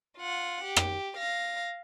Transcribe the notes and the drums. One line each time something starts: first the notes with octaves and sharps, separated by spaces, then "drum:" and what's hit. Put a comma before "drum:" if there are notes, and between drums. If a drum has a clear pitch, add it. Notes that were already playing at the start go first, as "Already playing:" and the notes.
F4 F#5
G4
drum: rim click
F5 A#6